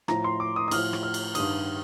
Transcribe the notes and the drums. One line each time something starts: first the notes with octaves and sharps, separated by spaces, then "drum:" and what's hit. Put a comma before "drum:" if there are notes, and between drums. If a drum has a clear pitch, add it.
A2 F3 A#5, drum: rim click
C6
D6
D#6
D#6
A2 F3 F6, drum: cymbal
drum: rim click
F6
drum: cymbal
G2 D#3 D#6, drum: cymbal